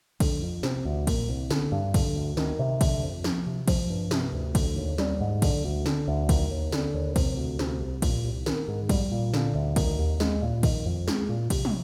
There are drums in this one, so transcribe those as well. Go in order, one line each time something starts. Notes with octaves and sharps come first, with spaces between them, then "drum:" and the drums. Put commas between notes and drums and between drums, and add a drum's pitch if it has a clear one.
D3, drum: kick A#1, cymbal
F2
C3, drum: snare
D2
A#2, drum: kick A#1, cymbal
C2
D3, drum: snare
G2
D3, drum: kick A#1, cymbal
D2
D#3, drum: snare
C3
D3, drum: kick A#1, cymbal
F2
F3, drum: snare
C3
F3, drum: kick A#1, cymbal
G2
C3, drum: snare
D2
D3, drum: kick A#1, cymbal
D#2
G3, drum: snare
G#2
D3, drum: kick A#1, cymbal
D2
D3, drum: snare
D2
D#3, drum: kick A#1, cymbal
D#2
D3, drum: snare
D#2
C3, drum: kick A#1, cymbal
D2
C3, drum: snare
C2
A#2, drum: kick A#1, cymbal
C2
D#3, drum: snare
G#2
G3, drum: kick A#1, cymbal
A#2
D3, drum: snare
D2
D#3, drum: kick A#1, cymbal
D#2
G#3, drum: snare
A#2
D#3, drum: kick A#1, cymbal
F2
G#3, drum: snare
A#2
C3, drum: kick A#1, cymbal
drum: tom